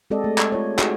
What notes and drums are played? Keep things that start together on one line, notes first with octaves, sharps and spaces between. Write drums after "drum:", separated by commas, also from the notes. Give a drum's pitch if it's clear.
G#3 C4 G4 A4 D5 D#5
A3
drum: clap
F4 C#5
D#4 F#4 G#4, drum: clap